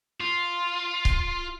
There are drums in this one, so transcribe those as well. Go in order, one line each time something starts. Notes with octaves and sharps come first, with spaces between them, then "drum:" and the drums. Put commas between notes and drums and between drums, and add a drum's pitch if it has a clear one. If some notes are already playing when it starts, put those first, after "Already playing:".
F4
drum: kick C#1